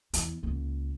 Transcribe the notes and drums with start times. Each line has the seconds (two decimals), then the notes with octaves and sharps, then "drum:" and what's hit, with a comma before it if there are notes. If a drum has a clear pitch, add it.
0.14 E2, drum: hi-hat
0.43 C#2 A#3